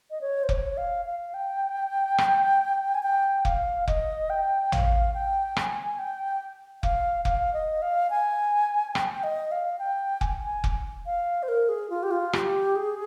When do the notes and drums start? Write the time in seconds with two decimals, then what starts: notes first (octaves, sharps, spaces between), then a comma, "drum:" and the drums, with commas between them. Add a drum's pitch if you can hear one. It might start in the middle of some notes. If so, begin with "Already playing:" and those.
0.11 D#5
0.21 C#5
0.43 C5
0.49 C#5, drum: kick F1
0.77 F5
1.05 F5
1.34 G5
2.18 drum: rim click
2.95 G#5
3.03 G5
3.45 F5, drum: kick F1
3.88 D#5, drum: kick F1
4.30 G5
4.72 F5, drum: tom A1
5.14 G5
5.56 G#5, drum: rim click
5.99 G5
6.83 F5, drum: kick F1
7.25 F5, drum: kick F1
7.53 D#5
7.82 F5
8.10 G#5
8.95 G5, drum: rim click
9.23 D#5
9.52 F5
9.79 G5
10.21 G#5, drum: kick F1
10.45 G#5
10.64 drum: kick F1
11.06 F5
11.43 C5
11.48 A#4
11.69 G#4
11.90 F4
12.03 G4
12.11 F4
12.33 G4, drum: rim click
12.76 G#4